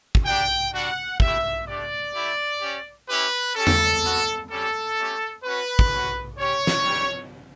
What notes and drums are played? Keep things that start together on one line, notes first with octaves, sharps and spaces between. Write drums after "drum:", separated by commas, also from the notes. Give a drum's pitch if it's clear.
drum: kick
B3 D4 G4 G5
G3 D4 F#4 F#5
A3 E4 G4 E5, drum: kick
A3 D4 G4 D5
A3 E4 G4
C#4 G4
C#4 E4 G4 B4
C#4 G4 A4
drum: tom
B3 F#4
G3 C#4 G4 A4
A3 C#4 G4
C#4 F#4 B4
drum: kick
C#4 F#4
C#4 G4 C#5
drum: snare
G3 D4 G4